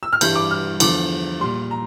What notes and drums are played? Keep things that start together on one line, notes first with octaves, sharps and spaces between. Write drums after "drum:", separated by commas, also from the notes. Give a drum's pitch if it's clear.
E6
F6
G2 E3 G3 G6, drum: cymbal
D6
F6
E2 D3 F3 D6, drum: cymbal
A#2 G3 C6
A#5